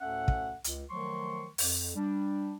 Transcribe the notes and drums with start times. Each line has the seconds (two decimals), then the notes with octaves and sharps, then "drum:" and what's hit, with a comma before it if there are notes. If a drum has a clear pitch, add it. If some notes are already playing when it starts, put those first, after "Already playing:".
0.01 D2 A2 C#4 A4 E5 F#5
0.28 drum: kick
0.64 C#2, drum: hi-hat
0.90 D#3 F3 F#3 A3 C6 C#6
1.58 F2, drum: open hi-hat
1.95 G3 D4